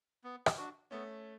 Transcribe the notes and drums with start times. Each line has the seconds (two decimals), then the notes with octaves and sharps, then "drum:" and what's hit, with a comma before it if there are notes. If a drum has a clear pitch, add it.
0.24 B3
0.46 drum: rim click
0.57 D4 F#4
0.91 A3 B3 C#4